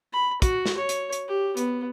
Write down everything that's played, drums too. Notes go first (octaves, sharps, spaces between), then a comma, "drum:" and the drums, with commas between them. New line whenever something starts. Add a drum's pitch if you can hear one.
B5
F#4, drum: kick, hi-hat
drum: snare
C#5
drum: hi-hat
drum: hi-hat
G4
B3, drum: hi-hat